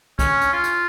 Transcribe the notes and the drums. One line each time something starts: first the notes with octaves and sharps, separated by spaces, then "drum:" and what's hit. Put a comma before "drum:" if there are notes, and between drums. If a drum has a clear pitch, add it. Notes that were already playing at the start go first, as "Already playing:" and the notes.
C#4, drum: kick C2, hi-hat
drum: hi-hat
F4
drum: hi-hat